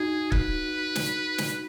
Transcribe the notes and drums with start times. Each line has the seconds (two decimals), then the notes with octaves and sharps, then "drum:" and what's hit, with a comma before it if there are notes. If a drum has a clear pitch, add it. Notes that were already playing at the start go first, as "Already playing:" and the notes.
Already playing: D#4 F#4 G#4
0.32 B4, drum: kick
0.95 drum: snare
1.38 drum: snare